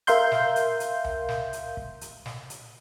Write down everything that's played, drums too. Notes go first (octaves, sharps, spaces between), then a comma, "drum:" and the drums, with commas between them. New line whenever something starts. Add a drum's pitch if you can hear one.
A#4 E5 F5 C6 G6, drum: hi-hat
drum: snare
drum: hi-hat
drum: hi-hat
drum: tom C#2
drum: snare
drum: hi-hat
drum: kick
drum: hi-hat
drum: snare
drum: hi-hat